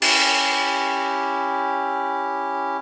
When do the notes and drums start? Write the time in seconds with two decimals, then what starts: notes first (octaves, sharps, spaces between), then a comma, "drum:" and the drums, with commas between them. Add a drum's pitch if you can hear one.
0.02 C#4 E4 G4, drum: open hi-hat